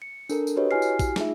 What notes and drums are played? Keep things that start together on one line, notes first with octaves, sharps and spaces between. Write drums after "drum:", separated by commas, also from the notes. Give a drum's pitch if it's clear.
C#7
D4 A4 A#4, drum: tambourine
drum: tambourine
F#4 G4 B4 C#5 D#5
E4 F#4 G4 G#5 F6 C7
drum: tambourine
drum: kick A#1, tambourine
A3 D#4 F4 G#4 E5, drum: snare